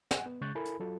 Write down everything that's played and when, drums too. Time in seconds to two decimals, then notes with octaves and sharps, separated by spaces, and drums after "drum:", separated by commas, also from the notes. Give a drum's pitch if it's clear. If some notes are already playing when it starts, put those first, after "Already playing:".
0.11 F#5 G#5, drum: snare
0.26 B3
0.41 C#3 G#3 C#6 F#6 G6 A6
0.55 E4 A4 A#4 G#5 B5
0.65 drum: hi-hat
0.80 F#3 F4 A4